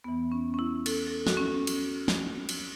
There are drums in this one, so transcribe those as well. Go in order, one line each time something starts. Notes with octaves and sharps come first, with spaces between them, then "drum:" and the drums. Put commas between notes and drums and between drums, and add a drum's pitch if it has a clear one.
E2 E3 B3
C#4
C#4
E4
A4, drum: cymbal
A4
F#4, drum: snare
C#4
drum: cymbal
drum: snare
drum: cymbal